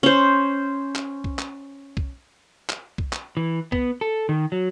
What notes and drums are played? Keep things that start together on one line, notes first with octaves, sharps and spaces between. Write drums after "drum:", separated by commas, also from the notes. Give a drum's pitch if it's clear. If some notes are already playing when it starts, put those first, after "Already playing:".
C#4 C5
drum: clap
drum: kick B1
drum: clap
drum: kick B1
drum: clap
drum: kick B1
drum: clap
E3
B3, drum: kick B1
A4
D#3
F#3